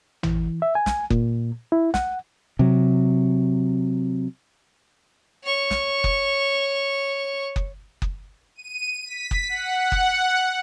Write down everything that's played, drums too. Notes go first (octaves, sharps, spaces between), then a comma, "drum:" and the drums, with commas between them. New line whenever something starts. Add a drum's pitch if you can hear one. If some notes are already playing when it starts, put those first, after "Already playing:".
E3, drum: tom
E5
G#5
drum: snare
A#2, drum: kick F#1
E4
F#5, drum: snare
C3 F#3
C#5 C#6
drum: snare
drum: kick F#1
drum: kick F#1
drum: kick F#1
D#7
B6
drum: kick F#1
F#5
drum: kick F#1